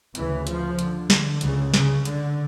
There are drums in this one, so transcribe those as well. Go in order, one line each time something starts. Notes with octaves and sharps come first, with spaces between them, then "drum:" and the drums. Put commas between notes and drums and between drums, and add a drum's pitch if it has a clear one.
D2 C#3 E3, drum: hi-hat
F3, drum: hi-hat
D3, drum: hi-hat
drum: snare
C#2 C#3, drum: hi-hat
C#3, drum: snare
D3, drum: hi-hat